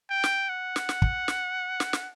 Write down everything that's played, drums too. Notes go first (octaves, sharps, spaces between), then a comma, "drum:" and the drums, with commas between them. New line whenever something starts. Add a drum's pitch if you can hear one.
G5
drum: snare
F#5
drum: snare
drum: snare
drum: kick
drum: snare
drum: snare
drum: snare